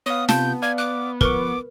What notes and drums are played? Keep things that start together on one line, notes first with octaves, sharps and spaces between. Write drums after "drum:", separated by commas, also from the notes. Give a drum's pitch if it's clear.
B3 C#5 F5 D#6
C3 F4 A5 G6, drum: snare
D5 F5 G#6
D6 F#6
F3 A#4 B4 C#6 D6, drum: kick